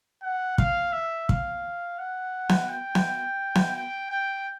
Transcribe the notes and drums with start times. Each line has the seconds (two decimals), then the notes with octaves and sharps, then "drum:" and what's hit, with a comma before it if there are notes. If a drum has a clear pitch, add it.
0.23 F#5
0.58 F5, drum: kick
0.93 E5
1.29 F5, drum: kick
1.99 F#5
2.49 drum: snare B3
2.69 G5
2.95 drum: snare B3
3.55 drum: snare B3
3.76 G5
4.11 G5